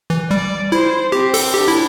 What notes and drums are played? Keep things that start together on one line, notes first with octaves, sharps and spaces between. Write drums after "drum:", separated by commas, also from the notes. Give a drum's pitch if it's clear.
E3
G3 D5
E4 C5
C4 G4
A4, drum: open hi-hat
D4 G4
E4